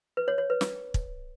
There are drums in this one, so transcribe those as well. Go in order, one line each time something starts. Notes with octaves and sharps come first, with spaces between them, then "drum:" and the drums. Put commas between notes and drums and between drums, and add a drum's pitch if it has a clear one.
B4
C#5
C#5
B4
drum: snare
drum: kick